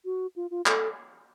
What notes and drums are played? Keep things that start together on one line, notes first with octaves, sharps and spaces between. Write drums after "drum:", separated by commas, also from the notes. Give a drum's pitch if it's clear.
F#4
F4
F4
A4, drum: clap